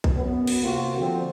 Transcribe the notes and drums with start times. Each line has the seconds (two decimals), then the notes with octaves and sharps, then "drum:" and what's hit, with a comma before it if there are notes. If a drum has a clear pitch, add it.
0.04 drum: kick
0.16 F#2 B3
0.47 drum: cymbal
0.62 C3 A#3 F4 F#4
0.98 D3 F3 C4